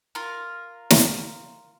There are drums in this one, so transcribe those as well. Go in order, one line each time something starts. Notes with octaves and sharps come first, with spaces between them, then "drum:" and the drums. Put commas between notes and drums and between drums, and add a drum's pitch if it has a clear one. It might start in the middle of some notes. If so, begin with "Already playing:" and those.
F4 A#4
drum: snare